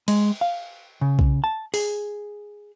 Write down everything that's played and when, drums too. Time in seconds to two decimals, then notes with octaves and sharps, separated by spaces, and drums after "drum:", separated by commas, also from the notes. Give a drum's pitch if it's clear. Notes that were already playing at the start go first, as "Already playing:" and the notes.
0.08 G#3, drum: cymbal
0.41 F5
1.01 C#3
1.19 drum: kick B1
1.44 A5
1.74 G#4, drum: open hi-hat